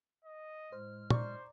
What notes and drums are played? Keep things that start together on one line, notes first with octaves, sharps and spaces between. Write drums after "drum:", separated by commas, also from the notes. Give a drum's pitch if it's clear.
D#5
A2 G#3 C5 F6
C5 D5 A#5 C#6, drum: tom